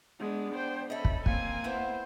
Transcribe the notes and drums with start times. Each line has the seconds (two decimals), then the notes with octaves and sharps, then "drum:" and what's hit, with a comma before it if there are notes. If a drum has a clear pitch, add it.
0.20 G#3 B3 D4
0.55 C5 G5
0.90 C#4 A4 D#5 E5 B5
1.05 drum: kick
1.26 A#3 C4 F5 G#5, drum: kick
1.64 A3 B3 E4 C5